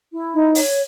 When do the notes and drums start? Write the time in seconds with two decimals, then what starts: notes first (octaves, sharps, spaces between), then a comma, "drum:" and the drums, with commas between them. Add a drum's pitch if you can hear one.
0.13 E4
0.33 D#4
0.55 C#5, drum: open hi-hat